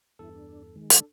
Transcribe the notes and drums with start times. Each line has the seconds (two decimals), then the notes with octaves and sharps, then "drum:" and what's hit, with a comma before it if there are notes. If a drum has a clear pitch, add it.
0.19 E2 G2 E4 A4
0.35 D4
0.76 D#3 G#3
0.90 D4 A4, drum: hi-hat